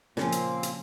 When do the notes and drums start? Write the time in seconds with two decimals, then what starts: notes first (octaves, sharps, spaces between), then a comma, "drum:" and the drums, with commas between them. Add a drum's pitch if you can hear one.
0.17 A#2 C#3 F3 A#3 C4, drum: snare
0.32 drum: hi-hat
0.63 drum: hi-hat